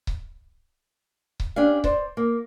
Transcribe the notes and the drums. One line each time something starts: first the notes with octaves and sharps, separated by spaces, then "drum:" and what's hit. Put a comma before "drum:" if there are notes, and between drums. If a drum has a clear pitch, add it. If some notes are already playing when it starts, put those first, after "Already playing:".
drum: kick C#1
drum: kick C#1
C#4 D4 G4 F5
C5 D5, drum: kick C#1
A#3